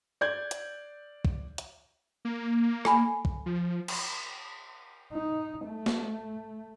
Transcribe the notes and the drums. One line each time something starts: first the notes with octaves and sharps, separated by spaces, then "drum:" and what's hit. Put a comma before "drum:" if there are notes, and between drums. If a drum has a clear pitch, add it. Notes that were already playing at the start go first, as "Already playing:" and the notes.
D5 G6 G#6
drum: hi-hat
drum: kick
drum: hi-hat
A#3
A4 G#5 B5, drum: rim click
drum: kick
F3
drum: cymbal
D#4
A3
drum: snare